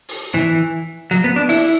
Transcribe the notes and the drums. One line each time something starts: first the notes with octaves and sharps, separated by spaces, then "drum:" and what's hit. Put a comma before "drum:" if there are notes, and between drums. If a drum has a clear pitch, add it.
drum: open hi-hat
E3
F#3, drum: hi-hat
B3
D4
E4, drum: open hi-hat